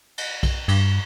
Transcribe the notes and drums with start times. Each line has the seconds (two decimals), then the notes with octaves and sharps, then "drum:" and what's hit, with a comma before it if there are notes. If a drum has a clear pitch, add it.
0.18 drum: cymbal
0.43 drum: kick B1, cymbal
0.68 G2, drum: cymbal